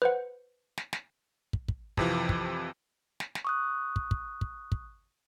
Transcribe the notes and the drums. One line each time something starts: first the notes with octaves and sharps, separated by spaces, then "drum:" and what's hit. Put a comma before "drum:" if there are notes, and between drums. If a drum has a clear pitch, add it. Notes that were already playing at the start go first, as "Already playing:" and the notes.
B4 C5 F#5
drum: snare
drum: snare
drum: kick
drum: kick
F2 C3 E3 F3, drum: kick
drum: kick
drum: snare
drum: snare
C#6 D#6 F#6
drum: kick
drum: kick
drum: kick
drum: kick